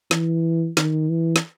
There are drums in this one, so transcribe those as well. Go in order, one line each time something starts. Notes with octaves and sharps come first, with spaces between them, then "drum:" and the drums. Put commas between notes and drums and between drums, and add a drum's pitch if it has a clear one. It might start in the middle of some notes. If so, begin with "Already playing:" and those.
E3, drum: snare
D#3, drum: snare
E3
drum: snare